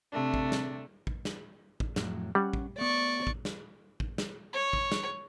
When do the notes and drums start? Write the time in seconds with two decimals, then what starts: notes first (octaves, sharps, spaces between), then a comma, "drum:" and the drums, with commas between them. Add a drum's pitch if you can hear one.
0.12 C3 A3 D4
0.34 drum: kick
0.52 drum: snare
1.07 drum: kick
1.25 drum: snare
1.80 drum: kick
1.96 F2 A2 F#3, drum: snare
2.35 G3 C#4 F#5
2.53 drum: kick
2.78 A3 B3 D5 C#6
3.27 drum: kick
3.45 drum: snare
4.00 drum: kick
4.18 drum: snare
4.53 C#5
4.73 drum: kick
4.92 drum: snare